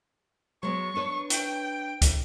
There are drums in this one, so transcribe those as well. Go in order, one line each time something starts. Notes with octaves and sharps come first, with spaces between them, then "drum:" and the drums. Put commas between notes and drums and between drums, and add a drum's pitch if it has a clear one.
F#3 G#3 B3 C#6
D4 B4 C#5
G5, drum: hi-hat
drum: kick C#2, hi-hat